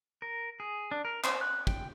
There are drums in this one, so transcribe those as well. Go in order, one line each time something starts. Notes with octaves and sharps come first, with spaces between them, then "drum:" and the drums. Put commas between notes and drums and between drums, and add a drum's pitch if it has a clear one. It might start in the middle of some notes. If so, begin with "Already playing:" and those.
A#4
G#4
D4
A#4
C5, drum: clap
F#6
G5, drum: kick